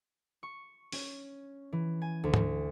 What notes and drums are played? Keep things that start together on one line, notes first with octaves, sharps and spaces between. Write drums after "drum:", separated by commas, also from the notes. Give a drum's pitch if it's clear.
C#6
C#4, drum: open hi-hat
E3
G#5
D2
drum: tom G#2